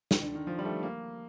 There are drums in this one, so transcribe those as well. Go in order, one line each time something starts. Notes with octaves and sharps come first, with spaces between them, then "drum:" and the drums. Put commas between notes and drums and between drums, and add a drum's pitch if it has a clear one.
D#3, drum: snare
D3
D#3
F3
G3
A3
A#3